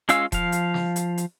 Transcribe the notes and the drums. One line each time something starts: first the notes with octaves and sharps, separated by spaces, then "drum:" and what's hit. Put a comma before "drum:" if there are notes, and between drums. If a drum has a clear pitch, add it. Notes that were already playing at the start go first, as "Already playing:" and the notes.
G#3 C#4 F4 F5 E6, drum: hi-hat
F3 F5, drum: kick E1, hi-hat
drum: hi-hat
drum: snare
drum: hi-hat
drum: hi-hat